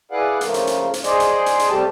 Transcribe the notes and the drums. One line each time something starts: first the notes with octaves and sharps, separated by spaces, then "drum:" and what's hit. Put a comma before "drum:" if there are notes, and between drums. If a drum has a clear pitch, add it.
E4 G#4 B4 D5 F5 F#5
C#3 F3 A3 A#3, drum: hi-hat
drum: hi-hat
drum: hi-hat
drum: hi-hat
G#4 C5 D5 D#5, drum: hi-hat
drum: hi-hat
drum: hi-hat
drum: hi-hat
C3 G3 A3 G4 A5